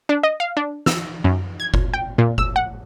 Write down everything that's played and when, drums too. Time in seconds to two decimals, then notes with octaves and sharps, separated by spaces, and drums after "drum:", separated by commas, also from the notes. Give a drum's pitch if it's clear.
0.09 D4
0.23 D#5
0.40 F5
0.57 D4
0.86 E6, drum: snare
1.24 F#2
1.60 G#6
1.74 drum: kick F#1
1.94 G5
2.18 A#2
2.38 E6, drum: kick F#1
2.56 F#5